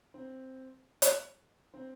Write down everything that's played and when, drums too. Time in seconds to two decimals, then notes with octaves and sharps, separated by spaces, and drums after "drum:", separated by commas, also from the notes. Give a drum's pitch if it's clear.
0.14 C4
1.02 drum: hi-hat
1.74 C4